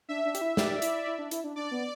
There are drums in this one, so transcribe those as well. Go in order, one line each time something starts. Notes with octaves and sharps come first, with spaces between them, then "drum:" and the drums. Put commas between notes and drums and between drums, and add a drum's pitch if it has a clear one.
D4 E5
D4
G4, drum: hi-hat
E4
G4 D5, drum: snare
E4, drum: hi-hat
E4
D4
E4, drum: hi-hat
D4
D4 D5
B3